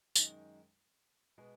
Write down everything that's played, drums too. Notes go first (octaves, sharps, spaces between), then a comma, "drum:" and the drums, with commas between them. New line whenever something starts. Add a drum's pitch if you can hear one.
F#2 D#3 G#3 D#4, drum: tambourine
B2 G#3 B3